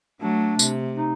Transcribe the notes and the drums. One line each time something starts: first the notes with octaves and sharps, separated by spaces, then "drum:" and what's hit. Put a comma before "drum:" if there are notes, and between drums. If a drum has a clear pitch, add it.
F#3 A3 D4
C3, drum: tambourine
D#4